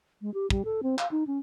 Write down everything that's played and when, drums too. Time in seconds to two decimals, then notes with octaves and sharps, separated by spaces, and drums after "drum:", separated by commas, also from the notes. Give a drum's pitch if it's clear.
0.22 G#3
0.34 G4
0.50 G3, drum: kick
0.65 A4
0.83 C4
0.98 F5, drum: clap
1.11 D#4
1.27 C#4